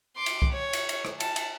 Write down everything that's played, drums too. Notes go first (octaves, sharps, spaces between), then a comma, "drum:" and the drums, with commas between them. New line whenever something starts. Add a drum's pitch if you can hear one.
C6 D6
drum: cymbal
drum: kick
C#5
drum: cymbal
drum: cymbal
drum: rim click
A5, drum: cymbal
drum: cymbal